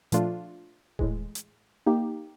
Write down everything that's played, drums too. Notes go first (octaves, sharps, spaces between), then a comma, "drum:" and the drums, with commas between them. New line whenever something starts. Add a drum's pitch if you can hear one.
A#2 F3 A3 D4 F4, drum: hi-hat
A2 E3 G#3, drum: kick D#1
drum: hi-hat
A#3 D#4 G4